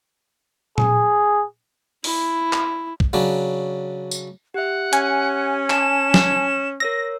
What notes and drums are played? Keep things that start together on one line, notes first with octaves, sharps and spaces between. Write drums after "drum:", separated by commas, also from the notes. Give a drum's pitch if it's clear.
G#4, drum: tom A#2
E4, drum: open hi-hat
drum: clap
drum: kick
C#3 F#3 D4
drum: tambourine
G4 E5 F#5
C#4 G#5, drum: hi-hat
A5 E7, drum: clap
drum: snare
A#4 C#5 E6 A#6